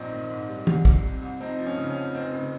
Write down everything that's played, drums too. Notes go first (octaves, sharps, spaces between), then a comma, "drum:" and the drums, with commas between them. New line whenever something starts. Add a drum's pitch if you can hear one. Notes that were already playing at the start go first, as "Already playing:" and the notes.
Already playing: A#1 C4 D#4
D#3
G#2
G3
C2, drum: tom
G3, drum: kick
C3
C2
F2 C4 D#4
F3
C#4
C#3
C#4
F2
F1 C4 D#4
C#3